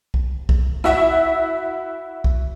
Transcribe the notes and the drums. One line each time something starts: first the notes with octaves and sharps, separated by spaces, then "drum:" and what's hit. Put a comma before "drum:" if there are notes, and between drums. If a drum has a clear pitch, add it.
drum: kick
drum: kick
E4 F#4 E5, drum: rim click
drum: kick